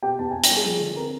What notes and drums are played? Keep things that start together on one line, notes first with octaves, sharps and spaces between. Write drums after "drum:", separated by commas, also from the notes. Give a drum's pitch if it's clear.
B2 G4 G5
E2 A5
B3 G#5
G5, drum: hi-hat
G3
G#4 G#5
F3
D3
C4 A#4 A#5